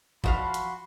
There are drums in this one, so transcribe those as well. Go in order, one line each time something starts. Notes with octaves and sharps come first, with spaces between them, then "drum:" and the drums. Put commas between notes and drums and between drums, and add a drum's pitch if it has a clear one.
F3 F#4 E5 F5 B5 C6, drum: kick G#1
drum: hi-hat